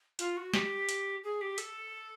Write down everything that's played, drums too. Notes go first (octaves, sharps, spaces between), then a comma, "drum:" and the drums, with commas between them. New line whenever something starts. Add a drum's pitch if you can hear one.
F4, drum: hi-hat
F#4
G4, drum: snare
drum: hi-hat
G#4
G4
A4, drum: hi-hat